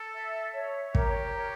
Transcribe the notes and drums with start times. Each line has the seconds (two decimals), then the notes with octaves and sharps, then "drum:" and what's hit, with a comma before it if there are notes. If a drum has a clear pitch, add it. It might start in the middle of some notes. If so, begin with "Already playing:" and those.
Already playing: A4
0.15 E5
0.54 C#5
0.95 G4 A#4, drum: kick
1.35 C#5